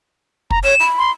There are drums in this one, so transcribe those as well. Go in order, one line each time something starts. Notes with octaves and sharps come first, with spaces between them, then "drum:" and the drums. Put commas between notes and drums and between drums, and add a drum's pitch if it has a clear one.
A#5, drum: kick
C#5 E7
B5
C6